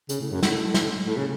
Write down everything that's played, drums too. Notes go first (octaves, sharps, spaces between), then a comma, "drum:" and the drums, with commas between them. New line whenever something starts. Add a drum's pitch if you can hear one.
C#3, drum: hi-hat
A2
F#2
A2, drum: snare
drum: snare
A2
C#3